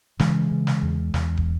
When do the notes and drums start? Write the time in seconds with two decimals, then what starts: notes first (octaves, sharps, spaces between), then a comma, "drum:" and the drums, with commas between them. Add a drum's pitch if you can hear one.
0.19 C#3 E3 G#3, drum: snare
0.51 C#3
0.67 drum: snare
0.83 E2
1.14 E2, drum: snare
1.37 drum: kick